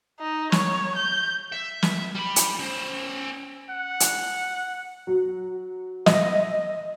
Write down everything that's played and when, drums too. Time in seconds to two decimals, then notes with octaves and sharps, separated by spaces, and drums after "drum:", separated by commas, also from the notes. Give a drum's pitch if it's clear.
0.20 D#4
0.52 C#5, drum: snare
0.95 G6
1.52 E5
1.82 drum: snare
2.15 G3 B5
2.36 drum: hi-hat
2.59 C#4 C5
3.70 F#5
4.00 drum: hi-hat
5.07 F#3
6.06 D#5 E5, drum: snare